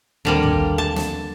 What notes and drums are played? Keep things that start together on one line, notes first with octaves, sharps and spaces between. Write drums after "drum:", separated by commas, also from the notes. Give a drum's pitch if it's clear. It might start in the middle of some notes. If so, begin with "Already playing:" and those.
D#2 D3 G3 A#3 C4
drum: tom A#1
A5
drum: snare